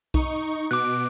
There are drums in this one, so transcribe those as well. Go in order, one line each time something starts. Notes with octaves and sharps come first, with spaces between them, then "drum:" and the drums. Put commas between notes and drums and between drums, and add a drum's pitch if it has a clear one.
D#4 C#6, drum: kick B1
B2 D6 F#6 D7